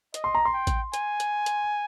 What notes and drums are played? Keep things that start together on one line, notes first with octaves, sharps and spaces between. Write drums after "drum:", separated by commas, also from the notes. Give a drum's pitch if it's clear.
D#5, drum: hi-hat
C6
A#5
C6
G5
drum: kick A1, hi-hat
G#5, drum: hi-hat
drum: hi-hat
drum: hi-hat